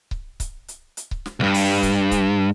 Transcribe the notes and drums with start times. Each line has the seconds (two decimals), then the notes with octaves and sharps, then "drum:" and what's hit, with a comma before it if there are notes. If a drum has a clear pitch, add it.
0.11 drum: kick C#1
0.40 drum: kick C#1, hi-hat
0.68 drum: hi-hat
0.97 drum: hi-hat
1.11 drum: kick C#1
1.26 drum: snare
1.40 C2 G2
1.54 drum: open hi-hat
1.83 drum: kick C#1, hi-hat
2.11 drum: kick C#1, hi-hat